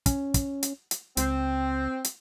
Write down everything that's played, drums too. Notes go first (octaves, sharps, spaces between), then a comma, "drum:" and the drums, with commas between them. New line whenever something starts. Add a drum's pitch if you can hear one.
C#4, drum: kick, hi-hat
drum: kick, hi-hat
drum: hi-hat
drum: hi-hat
C#2 C4, drum: hi-hat
drum: hi-hat